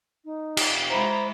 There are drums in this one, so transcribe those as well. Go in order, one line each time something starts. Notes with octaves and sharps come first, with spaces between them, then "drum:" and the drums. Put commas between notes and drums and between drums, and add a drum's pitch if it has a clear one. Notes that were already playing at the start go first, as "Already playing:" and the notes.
D#4
F4 G4, drum: cymbal
G#3 E4 C5 A#5 B5